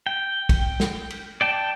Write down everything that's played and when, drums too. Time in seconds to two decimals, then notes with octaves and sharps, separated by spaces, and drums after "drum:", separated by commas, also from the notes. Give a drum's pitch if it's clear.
0.07 G5
0.49 drum: kick, cymbal
0.80 drum: snare
1.10 drum: cymbal
1.41 D5 G5 A5